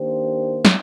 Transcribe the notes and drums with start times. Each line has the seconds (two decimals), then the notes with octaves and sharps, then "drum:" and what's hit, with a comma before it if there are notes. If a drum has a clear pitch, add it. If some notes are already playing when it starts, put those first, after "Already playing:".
Already playing: D#3 A#3 D4 G4 C5
0.65 drum: snare